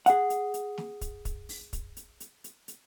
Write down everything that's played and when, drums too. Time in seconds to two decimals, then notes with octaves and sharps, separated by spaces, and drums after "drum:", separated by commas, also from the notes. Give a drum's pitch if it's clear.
0.06 G#4 F#5, drum: hi-hat
0.30 drum: hi-hat
0.54 drum: hi-hat
0.78 drum: snare
1.01 drum: kick, hi-hat
1.25 drum: kick, hi-hat
1.49 drum: open hi-hat
1.73 drum: kick, hi-hat
1.97 drum: hi-hat
2.20 drum: hi-hat
2.44 drum: hi-hat
2.68 drum: hi-hat